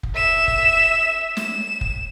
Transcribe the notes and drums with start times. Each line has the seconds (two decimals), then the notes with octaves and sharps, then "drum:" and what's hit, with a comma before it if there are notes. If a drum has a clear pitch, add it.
0.03 drum: kick F1
0.15 E5 E7
0.48 drum: kick F1
1.37 E7, drum: snare
1.81 drum: kick F1